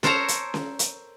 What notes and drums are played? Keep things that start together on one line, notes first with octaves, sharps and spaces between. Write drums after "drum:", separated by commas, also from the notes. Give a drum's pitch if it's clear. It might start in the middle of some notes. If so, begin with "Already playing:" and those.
A4 A#4 C5 C#5 A5 A#5, drum: snare C#4
drum: hi-hat
drum: snare C#4
drum: hi-hat